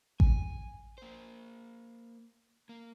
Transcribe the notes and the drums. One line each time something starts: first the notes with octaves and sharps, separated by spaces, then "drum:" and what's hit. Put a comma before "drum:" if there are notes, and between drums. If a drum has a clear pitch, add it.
G#5, drum: kick A1
A#3 C5
A#3